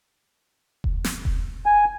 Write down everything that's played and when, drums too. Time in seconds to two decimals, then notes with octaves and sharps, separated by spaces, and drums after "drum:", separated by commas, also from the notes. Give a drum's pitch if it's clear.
0.84 drum: kick E1
1.04 drum: snare
1.25 drum: kick E1
1.66 G#5